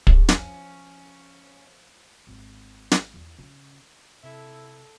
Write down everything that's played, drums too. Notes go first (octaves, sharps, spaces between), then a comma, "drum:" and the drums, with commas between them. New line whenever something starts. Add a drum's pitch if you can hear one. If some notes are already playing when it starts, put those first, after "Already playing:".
G4 G#4 C#5, drum: kick
F3 C#4, drum: snare
G#1
drum: snare
E2
C#3
C3 E4 A4 E5